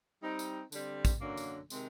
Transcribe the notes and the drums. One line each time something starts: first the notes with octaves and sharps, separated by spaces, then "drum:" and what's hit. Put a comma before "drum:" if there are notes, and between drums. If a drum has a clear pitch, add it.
G3 C4 D#4
drum: tambourine
D3 G3 C4, drum: tambourine
drum: kick, tambourine
F#2 D3 F#3 A#3 D4
drum: tambourine
C3 D#3 G#3 C4, drum: tambourine